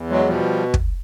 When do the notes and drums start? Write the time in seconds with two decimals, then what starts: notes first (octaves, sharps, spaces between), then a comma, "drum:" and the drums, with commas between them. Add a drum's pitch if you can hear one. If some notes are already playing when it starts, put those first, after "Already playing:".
Already playing: E2
0.10 F#3 G#3
0.27 B2 F3 G3
0.74 drum: kick